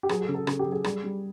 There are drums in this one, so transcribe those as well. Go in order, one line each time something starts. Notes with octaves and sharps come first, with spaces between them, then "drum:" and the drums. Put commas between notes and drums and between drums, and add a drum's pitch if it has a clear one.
G4
F#3 G#4, drum: rim click
A4
C#3
A4
C#3 A4, drum: rim click
G4
F#3
G#4
G3 G#4, drum: rim click
G3